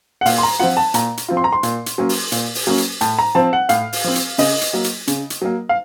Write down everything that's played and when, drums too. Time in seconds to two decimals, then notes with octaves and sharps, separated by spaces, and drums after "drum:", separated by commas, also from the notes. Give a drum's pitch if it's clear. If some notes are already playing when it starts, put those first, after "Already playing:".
0.21 F#5
0.26 A#2 F5, drum: open hi-hat
0.38 C6
0.43 A#5
0.60 F3 C4 F4 F#5
0.77 A5
0.94 A#2 A#5, drum: hi-hat
1.17 drum: hi-hat
1.28 F3 C4 F4
1.37 C6
1.44 A#5
1.52 C6
1.63 A#2, drum: hi-hat
1.86 drum: hi-hat
1.98 F#3 A#3 C#4
2.09 drum: open hi-hat
2.32 A#2, drum: hi-hat
2.55 drum: open hi-hat
2.67 F#3 A#3 C#4
2.78 drum: hi-hat
3.01 A2 A5, drum: hi-hat
3.19 A#5
3.35 F3 C4 A5
3.53 F#5
3.69 A2 F5, drum: hi-hat
3.93 drum: open hi-hat
4.04 F3 C4
4.15 drum: hi-hat
4.38 C#3 D#5, drum: open hi-hat
4.61 drum: hi-hat
4.73 F#3 A#3
4.84 drum: hi-hat
5.07 C#3, drum: hi-hat
5.30 drum: hi-hat
5.42 F#3 A#3
5.69 F5